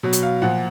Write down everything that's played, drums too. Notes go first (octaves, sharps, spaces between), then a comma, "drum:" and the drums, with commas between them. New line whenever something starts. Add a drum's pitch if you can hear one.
B2 F#3
drum: hi-hat
F5
A#2 F3 F#5